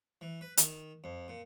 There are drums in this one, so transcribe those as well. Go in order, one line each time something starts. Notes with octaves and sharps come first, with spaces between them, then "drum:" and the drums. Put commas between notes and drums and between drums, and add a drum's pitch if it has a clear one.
E3
B4
D#3, drum: hi-hat
F2
A#2